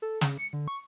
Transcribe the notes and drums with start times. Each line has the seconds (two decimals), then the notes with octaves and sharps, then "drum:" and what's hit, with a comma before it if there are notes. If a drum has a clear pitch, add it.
0.02 A4
0.21 C#3, drum: snare
0.38 C#7
0.53 D3
0.68 C#6